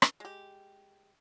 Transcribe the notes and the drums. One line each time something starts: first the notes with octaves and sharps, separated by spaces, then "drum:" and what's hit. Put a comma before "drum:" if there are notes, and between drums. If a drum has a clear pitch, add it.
drum: rim click
G#3 G4